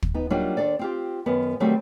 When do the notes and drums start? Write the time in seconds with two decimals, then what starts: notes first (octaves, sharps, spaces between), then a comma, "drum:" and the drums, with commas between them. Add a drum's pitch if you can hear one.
0.02 drum: kick
0.14 B3 D#4
0.30 F#3 G3 A#3 D4 D#4 F4
0.57 D#2 D4 A4 D5
0.79 C4 F4 G4
1.26 F#2 D#3 B3
1.60 D#3 F#3 G3 A3 C4 F#4